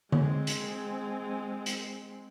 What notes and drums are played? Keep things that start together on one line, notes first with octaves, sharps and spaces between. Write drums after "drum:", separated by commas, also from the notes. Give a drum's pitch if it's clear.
G#3 C4, drum: tom D3
drum: hi-hat
drum: hi-hat